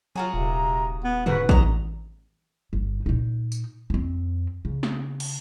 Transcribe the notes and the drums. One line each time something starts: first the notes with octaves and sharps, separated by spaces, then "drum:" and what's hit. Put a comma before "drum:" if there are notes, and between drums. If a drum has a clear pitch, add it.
F#3 F4 F#4 G#4 A#5
D#1 C3
B3
G#2 C#3 F#4 B4, drum: tom
C2 F#3 D#5 A#5, drum: kick A1
G1
A#2 D#4
drum: tambourine
F2 C4
C#3
drum: snare
drum: cymbal